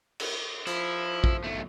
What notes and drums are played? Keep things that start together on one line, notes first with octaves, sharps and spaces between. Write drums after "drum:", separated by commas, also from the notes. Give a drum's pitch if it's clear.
drum: cymbal
F3 E4, drum: hi-hat
drum: kick A#1
B1 A3